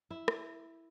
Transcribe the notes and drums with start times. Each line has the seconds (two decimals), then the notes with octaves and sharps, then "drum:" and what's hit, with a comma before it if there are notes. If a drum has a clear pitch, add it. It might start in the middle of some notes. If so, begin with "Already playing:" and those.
0.10 E4
0.28 drum: rim click